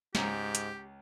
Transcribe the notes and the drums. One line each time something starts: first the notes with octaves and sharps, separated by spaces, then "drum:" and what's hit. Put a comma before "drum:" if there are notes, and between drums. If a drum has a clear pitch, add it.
C#2 G#2 G4 A#5, drum: snare
drum: hi-hat